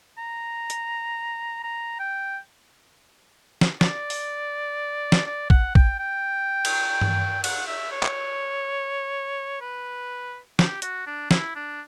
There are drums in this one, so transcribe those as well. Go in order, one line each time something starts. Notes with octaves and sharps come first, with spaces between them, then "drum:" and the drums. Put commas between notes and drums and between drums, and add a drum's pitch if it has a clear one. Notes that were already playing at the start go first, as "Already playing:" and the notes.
A#5
drum: hi-hat
A#5
G5
drum: snare
D5, drum: snare
drum: open hi-hat
drum: snare
D5
F#5, drum: kick
G5, drum: kick
G5
drum: cymbal
drum: tom G2
F#5, drum: cymbal
E5
C#5
drum: clap
B4
G4, drum: snare
F#4, drum: hi-hat
D4
E4, drum: snare
D4